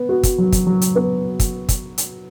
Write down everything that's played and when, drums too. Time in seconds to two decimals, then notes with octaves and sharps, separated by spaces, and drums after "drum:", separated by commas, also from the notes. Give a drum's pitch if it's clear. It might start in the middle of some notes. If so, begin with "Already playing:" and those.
Already playing: B3
0.09 F#4
0.23 drum: kick, hi-hat
0.38 F#3
0.52 drum: kick, hi-hat
0.67 F#3
0.82 drum: hi-hat
0.96 B3
1.40 drum: kick, hi-hat
1.69 drum: kick, hi-hat
1.98 drum: hi-hat